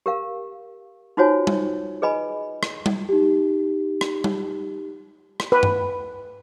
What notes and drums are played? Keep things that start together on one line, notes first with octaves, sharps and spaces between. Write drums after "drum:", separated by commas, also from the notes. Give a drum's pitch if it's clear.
G4 A#4 F5
D#4 F4 F#4 C5 C#5 G#5
drum: tom G3
G#4 B4 D#5 G#5 B5
drum: rim click
drum: tom G3
D#4 G4
drum: rim click
drum: tom G3
drum: rim click
B4
drum: tom G2